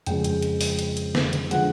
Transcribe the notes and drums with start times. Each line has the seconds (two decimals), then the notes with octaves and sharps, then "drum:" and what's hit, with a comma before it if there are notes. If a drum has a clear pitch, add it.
0.06 F2 C#3 F3 G#3 G5, drum: hi-hat
0.24 drum: hi-hat
0.42 drum: hi-hat
0.61 drum: open hi-hat
0.79 drum: hi-hat
0.97 drum: hi-hat
1.15 drum: snare
1.33 drum: hi-hat
1.51 D3 F3 G#3 F#5, drum: hi-hat